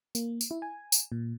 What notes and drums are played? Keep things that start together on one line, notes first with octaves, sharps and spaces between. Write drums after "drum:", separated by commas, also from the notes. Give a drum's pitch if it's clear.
A#3, drum: tambourine
drum: tambourine
E4
G#5
drum: tambourine
A#2